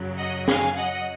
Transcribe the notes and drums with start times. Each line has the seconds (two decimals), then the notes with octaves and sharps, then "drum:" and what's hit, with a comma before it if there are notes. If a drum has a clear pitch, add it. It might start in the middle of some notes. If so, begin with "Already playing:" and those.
Already playing: F#2 C#3 F#3
0.17 D#5 F#5
0.48 F5 G#5, drum: snare
0.77 D#5 F#5